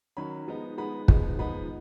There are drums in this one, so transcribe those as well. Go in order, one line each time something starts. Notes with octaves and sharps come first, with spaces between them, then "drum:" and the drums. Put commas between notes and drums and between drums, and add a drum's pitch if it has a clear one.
D#3 F#3 C#4 B5
F3 G#3 B3 D#4
F3 G#3 B3 D#4 B5
F3 G#3 B3 D#4, drum: kick
F3 G#3 B3 D#4 B5